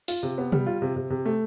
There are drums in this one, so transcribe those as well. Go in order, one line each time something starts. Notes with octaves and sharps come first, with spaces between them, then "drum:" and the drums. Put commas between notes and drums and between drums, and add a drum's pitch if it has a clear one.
F4, drum: open hi-hat
C3
B3
G3, drum: tom
F4
C3
C3
C3
A3